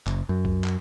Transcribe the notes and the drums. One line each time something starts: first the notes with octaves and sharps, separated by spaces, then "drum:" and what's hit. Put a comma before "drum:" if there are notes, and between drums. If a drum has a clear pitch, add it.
F#1, drum: clap
F#2
drum: kick
drum: clap